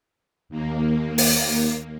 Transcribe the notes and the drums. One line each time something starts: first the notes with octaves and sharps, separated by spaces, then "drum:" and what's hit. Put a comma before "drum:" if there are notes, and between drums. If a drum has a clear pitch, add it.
D#2 A#3
drum: open hi-hat